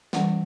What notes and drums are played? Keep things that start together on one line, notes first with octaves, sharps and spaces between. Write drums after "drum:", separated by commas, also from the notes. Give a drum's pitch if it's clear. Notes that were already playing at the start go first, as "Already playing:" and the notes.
E3 G3 C#4 F#5, drum: snare